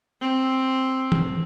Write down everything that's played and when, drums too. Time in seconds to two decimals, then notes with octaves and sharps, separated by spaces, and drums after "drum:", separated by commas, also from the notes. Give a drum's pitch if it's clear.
0.21 C4
1.12 drum: tom